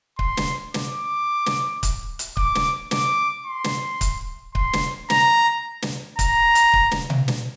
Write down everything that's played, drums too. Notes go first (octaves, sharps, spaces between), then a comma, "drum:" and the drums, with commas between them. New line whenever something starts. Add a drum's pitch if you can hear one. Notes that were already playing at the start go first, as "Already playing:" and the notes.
C6, drum: kick C#1
drum: snare
D6, drum: snare
drum: snare
drum: kick C#1, hi-hat
drum: hi-hat
D6, drum: kick C#1
drum: snare
D6, drum: snare
C6
drum: snare
drum: kick C#1, hi-hat
C6, drum: kick C#1
drum: snare
A#5, drum: snare
drum: snare
A#5, drum: kick C#1, hi-hat
drum: hi-hat
drum: kick C#1
drum: snare
drum: tom B2
drum: snare